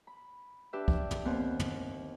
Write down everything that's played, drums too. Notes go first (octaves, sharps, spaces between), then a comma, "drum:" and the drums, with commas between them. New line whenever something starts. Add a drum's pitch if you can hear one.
B5
D4 G4 B4 E5
drum: kick C#2
drum: tom
D#2 B3 C4
drum: tom